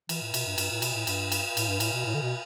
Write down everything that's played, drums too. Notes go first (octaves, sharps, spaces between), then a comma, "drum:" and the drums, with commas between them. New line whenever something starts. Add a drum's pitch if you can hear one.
E3, drum: cymbal
A2
B2, drum: cymbal
G2
G2, drum: cymbal
A2
B2, drum: cymbal
A2
G2, drum: cymbal
drum: cymbal
A2, drum: cymbal
G2
A2, drum: cymbal
B2
A2
D3
B2